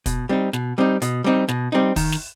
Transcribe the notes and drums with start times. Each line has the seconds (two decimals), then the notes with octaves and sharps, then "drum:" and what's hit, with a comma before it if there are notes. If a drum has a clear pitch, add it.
0.06 B2, drum: kick, hi-hat
0.29 G3 C4 D#4
0.53 B2, drum: snare
0.78 G3 C4 D#4
1.02 B2, drum: hi-hat
1.24 G3 C4 D#4
1.48 B2, drum: snare
1.72 G3 C4 D#4
1.96 D#3, drum: kick, open hi-hat
2.12 drum: snare